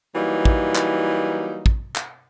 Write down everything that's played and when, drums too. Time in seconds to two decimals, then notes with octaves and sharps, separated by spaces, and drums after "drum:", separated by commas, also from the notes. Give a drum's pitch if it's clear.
0.15 E3 F#3 G3 A#3 D#4
0.45 drum: kick
0.76 drum: clap
1.66 drum: kick
1.96 drum: clap